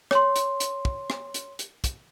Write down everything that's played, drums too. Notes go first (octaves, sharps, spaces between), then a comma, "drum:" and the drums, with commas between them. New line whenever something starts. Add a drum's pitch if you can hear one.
C#5 C6, drum: rim click
drum: hi-hat
drum: hi-hat
drum: kick
drum: rim click
drum: hi-hat
drum: hi-hat
drum: kick, hi-hat